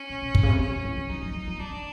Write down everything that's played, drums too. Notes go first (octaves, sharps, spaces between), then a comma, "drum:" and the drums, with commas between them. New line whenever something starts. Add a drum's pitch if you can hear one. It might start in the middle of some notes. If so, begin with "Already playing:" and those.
Already playing: C#4
A#2
B2
B2, drum: kick
C#3
C3
C#3 C#4
C#3
E3
D#3
F3 D#4
F#3
F3
F3
F#3 D4
F3